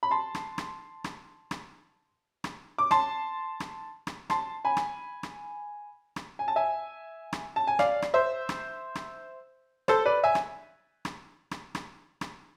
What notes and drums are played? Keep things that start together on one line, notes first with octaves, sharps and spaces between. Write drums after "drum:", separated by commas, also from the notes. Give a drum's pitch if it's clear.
B5
A5 C6
drum: rim click
drum: rim click
drum: rim click
drum: rim click
drum: rim click
D6
A5 C6, drum: rim click
drum: rim click
drum: rim click
A5 C6, drum: rim click
G#5 B5
drum: rim click
drum: rim click
drum: rim click
G#5
A5
E5 G#5
drum: rim click
A5
G#5
D5 F5, drum: rim click
drum: rim click
C5 E5
drum: rim click
drum: rim click
A4 C5, drum: rim click
B4 D5
E5 G#5
drum: rim click
drum: rim click
drum: rim click
drum: rim click
drum: rim click